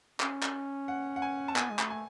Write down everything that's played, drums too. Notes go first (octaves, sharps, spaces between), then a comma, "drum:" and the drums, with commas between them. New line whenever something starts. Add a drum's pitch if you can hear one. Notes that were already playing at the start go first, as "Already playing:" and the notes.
C#4, drum: clap
drum: clap
F#5
F#5
G#5
A5
B3 G#5, drum: clap
G#3
A3, drum: clap
G#5